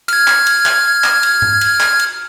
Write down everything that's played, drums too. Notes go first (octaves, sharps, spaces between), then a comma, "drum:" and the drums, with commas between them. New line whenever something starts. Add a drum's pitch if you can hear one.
F6 G#6, drum: cymbal
drum: clap
drum: cymbal
drum: clap
drum: clap
drum: cymbal
drum: tom G#2
drum: cymbal
drum: clap
drum: cymbal